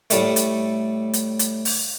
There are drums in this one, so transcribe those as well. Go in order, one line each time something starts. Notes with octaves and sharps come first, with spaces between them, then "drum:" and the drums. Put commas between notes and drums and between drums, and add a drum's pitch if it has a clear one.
A2 G3 A3, drum: hi-hat
drum: hi-hat
drum: hi-hat
drum: hi-hat
drum: open hi-hat